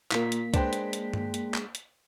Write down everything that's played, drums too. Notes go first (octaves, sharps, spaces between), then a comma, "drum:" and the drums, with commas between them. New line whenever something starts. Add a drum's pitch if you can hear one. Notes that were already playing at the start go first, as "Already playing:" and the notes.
A#2 A#3 B6, drum: clap
drum: hi-hat
G#3 D4 B4 C5 G5, drum: kick C2, hi-hat
drum: hi-hat
drum: hi-hat
drum: tom G2
drum: hi-hat
drum: clap
drum: hi-hat